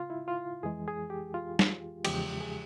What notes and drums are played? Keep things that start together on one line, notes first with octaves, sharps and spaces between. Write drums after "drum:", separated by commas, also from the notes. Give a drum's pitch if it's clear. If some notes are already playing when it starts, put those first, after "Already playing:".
Already playing: C#3 F4
E4
F4
F2 E3 G#3 G#4
G#4
G4
F4
drum: snare
E2 C#3 F3 G#3 G4, drum: cymbal
G#4